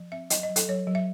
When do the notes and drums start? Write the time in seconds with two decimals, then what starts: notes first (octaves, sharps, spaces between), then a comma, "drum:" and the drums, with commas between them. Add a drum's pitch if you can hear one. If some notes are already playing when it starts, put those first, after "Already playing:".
Already playing: F3
0.12 C4 E5
0.30 F#3 D#5, drum: hi-hat
0.43 D#5
0.49 F#3
0.56 A4, drum: hi-hat
0.69 F#3 C#5
0.87 F#3
0.95 E5